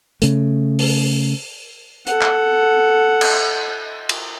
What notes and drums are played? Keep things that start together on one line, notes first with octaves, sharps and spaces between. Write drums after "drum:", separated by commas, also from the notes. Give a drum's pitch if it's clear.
C#3 A3, drum: hi-hat
drum: open hi-hat
A4 F#5, drum: hi-hat
drum: clap
drum: cymbal
drum: cymbal